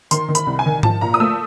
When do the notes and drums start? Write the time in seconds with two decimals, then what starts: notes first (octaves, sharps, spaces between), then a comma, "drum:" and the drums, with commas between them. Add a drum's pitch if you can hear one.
0.11 D#3 C6, drum: tambourine
0.29 D#3
0.35 B5, drum: tambourine
0.47 C2
0.59 G#5
0.66 D#3
0.83 F3 A5, drum: tom G#2
1.01 A#2 A#5
1.14 D#6
1.20 A3 E6